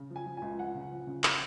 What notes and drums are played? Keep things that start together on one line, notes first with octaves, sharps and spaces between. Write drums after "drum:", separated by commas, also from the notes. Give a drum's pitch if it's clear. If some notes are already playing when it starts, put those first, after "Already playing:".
Already playing: C#3
F3
G#5
F3
C#2 G#5
F3 F#5
C#3
F3
C#3
drum: clap